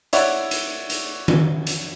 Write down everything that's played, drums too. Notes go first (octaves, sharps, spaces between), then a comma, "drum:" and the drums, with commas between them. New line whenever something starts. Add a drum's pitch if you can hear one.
E4 C#5 D5 E5 F#5, drum: hi-hat
drum: hi-hat
drum: hi-hat
drum: tom D#3
drum: hi-hat